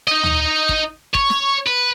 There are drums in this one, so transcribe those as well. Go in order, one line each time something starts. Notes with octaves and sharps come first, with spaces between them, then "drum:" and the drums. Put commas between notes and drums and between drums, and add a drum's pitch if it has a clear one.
D#4 D#5
drum: tom
drum: kick
C#5, drum: kick
drum: snare
B4